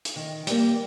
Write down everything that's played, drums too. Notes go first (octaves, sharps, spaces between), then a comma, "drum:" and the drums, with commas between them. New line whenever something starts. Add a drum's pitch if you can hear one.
drum: hi-hat
D#3
G3 A#3, drum: hi-hat